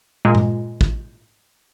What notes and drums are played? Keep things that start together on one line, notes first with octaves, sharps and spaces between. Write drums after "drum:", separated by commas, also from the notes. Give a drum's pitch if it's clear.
A#2 G#3
drum: tom G2
drum: kick